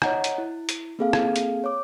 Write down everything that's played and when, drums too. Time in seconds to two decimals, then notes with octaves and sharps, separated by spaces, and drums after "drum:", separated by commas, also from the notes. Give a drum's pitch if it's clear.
0.02 C#5 D#5 F#5 A#5, drum: rim click
0.24 drum: hi-hat
0.38 E4
0.69 drum: hi-hat
0.99 A#3 C4 G#4 A4 F5
1.13 drum: rim click
1.36 drum: hi-hat
1.64 C#5 D6